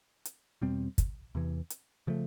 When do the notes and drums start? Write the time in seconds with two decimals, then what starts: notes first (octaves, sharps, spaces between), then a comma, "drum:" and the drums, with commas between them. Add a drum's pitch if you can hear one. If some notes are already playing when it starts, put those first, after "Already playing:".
0.25 drum: hi-hat
0.62 E2 B2 G3 C4
0.98 drum: kick, hi-hat
1.35 E2 C3 E3
1.70 drum: hi-hat
2.07 C#3 F3 A3